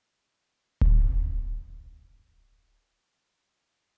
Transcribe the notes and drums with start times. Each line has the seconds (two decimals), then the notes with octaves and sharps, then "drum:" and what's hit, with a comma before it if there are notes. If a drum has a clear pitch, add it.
0.21 D#4
0.81 drum: kick D1
1.24 D4 E4 G4 G#4
2.75 E4 G4 D#5 C#6
3.06 G4 A4 C#5 D#5